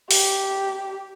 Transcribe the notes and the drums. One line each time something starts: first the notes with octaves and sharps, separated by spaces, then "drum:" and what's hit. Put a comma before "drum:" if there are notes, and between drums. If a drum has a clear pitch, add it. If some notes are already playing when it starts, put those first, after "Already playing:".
G4, drum: open hi-hat